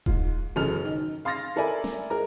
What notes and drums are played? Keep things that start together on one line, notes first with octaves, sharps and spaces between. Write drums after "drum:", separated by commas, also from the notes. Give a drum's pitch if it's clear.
G#2 F4, drum: kick D#1
E1 F#2 C#3 A4 F6 F7
D#3 D#4
F5 C6 F6 A6 A#6
A4 A#4 D5 E5 G#5 B5
drum: snare
G#3 A#4 A#5